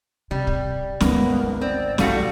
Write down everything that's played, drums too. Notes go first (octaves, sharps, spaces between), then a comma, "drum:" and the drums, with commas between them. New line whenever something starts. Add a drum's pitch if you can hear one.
C3 G3
drum: kick
G#1 D2 A#3 B3, drum: snare
C4 D5
B1 F#2 G3 A3 F#4 F5, drum: snare